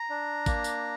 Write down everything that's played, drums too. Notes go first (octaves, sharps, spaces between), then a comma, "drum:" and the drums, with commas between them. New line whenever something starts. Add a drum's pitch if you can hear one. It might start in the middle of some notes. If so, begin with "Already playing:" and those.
Already playing: A#5
D4
A#3, drum: kick G#1, tambourine
drum: tambourine